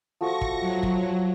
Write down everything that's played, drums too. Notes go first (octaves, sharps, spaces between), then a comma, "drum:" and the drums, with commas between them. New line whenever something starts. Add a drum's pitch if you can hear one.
F3 A3 F#4 C#6 A#6
drum: kick
F#3
drum: kick